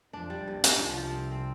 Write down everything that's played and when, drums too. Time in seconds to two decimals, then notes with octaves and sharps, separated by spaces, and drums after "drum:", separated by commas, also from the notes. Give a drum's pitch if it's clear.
0.13 F2 F3 D4
0.30 G3
0.46 A#1 G2 A#2
0.64 G2, drum: hi-hat
0.80 C2 C3 F3
0.98 F3
1.14 C4
1.31 C4